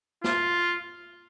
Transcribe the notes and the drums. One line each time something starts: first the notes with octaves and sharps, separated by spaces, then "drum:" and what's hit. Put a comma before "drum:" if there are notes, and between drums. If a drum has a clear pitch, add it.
F4, drum: snare